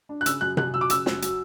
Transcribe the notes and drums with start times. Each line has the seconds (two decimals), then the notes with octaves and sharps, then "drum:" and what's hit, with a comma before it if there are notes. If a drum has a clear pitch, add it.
0.09 D4
0.21 F#6
0.26 C#3 E6, drum: hi-hat
0.41 F#2 F#6
0.57 F#2 F#6, drum: tom C3
0.74 F#3 E6
0.81 D6
0.90 C#3 E6, drum: hi-hat
1.06 F#2, drum: snare
1.22 F#3, drum: hi-hat